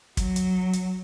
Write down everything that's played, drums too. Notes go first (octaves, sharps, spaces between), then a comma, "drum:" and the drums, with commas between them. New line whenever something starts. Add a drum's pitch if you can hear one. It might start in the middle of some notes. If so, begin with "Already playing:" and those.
F#3, drum: kick, hi-hat
drum: hi-hat
drum: hi-hat